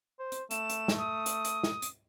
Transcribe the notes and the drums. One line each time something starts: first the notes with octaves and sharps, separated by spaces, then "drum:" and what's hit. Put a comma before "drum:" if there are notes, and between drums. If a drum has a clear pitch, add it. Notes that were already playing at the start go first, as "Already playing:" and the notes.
C5
drum: hi-hat
A3 E7, drum: hi-hat
drum: hi-hat
drum: snare
D#6
drum: hi-hat
drum: hi-hat
drum: snare
drum: hi-hat